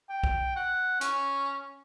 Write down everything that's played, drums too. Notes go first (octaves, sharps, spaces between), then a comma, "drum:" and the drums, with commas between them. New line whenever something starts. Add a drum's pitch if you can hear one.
G5
drum: kick B1
F#5
C#4, drum: hi-hat